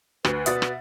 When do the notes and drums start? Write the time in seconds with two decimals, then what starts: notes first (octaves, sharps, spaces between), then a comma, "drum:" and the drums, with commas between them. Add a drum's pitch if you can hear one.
0.25 D2 B4, drum: rim click
0.46 B2 D5 E5 F#5 D#6 A6, drum: hi-hat
0.62 drum: rim click